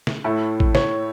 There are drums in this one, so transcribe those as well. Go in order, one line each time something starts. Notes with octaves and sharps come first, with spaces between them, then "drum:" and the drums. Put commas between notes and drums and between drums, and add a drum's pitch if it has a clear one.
drum: snare
A2 A3 E4
drum: kick
C#5, drum: snare